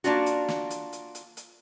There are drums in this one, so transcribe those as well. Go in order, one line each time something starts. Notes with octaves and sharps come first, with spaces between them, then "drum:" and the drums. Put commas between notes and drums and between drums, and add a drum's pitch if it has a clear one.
A#3 D4 F4 F#4, drum: hi-hat
drum: hi-hat
drum: snare
drum: hi-hat
drum: hi-hat
drum: hi-hat
drum: hi-hat